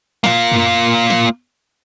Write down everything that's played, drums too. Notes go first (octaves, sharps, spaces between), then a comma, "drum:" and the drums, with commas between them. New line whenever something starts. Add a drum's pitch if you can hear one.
A#3 F4, drum: snare
drum: tom F#2
drum: snare